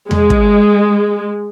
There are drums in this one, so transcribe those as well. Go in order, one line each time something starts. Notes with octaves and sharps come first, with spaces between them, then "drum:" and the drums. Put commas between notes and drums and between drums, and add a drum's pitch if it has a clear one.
G#3, drum: tom E2
drum: kick